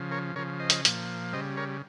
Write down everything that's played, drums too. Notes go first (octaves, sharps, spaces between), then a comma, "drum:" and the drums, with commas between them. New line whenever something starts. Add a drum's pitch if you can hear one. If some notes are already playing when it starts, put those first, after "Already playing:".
Already playing: C#3 F3
A#4 C#5
C#3 F3 A#4 C#5
C5 D#5
drum: hi-hat
A#2 F3, drum: hi-hat
C#3 G3 C5 D#5
A#4 C#5